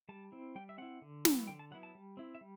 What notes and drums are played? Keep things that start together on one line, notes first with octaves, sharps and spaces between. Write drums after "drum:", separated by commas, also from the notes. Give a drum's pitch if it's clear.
G3 A5
C4 E4
G3 G5
E5
C4 E4 F#5
D3
F#3 B3 E4, drum: snare
D3 G5
A5
F#3 B3 E4 F#5
A5
G3
C4 E4
E5
G3